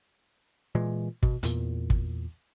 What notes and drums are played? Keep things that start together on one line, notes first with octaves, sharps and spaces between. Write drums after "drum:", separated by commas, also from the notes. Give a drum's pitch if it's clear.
A#2 E3 G#3
B2, drum: kick
E2 A#2, drum: hi-hat
drum: kick